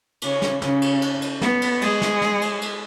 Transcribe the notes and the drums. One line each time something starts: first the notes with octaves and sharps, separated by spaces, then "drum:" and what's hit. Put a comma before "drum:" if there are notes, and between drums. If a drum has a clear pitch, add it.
C#3 C#4, drum: cymbal
drum: snare
C#3 C#4, drum: snare
drum: cymbal
drum: cymbal
drum: cymbal
B3, drum: snare
drum: cymbal
G#3 G#4, drum: cymbal
drum: snare
drum: snare
drum: cymbal
drum: cymbal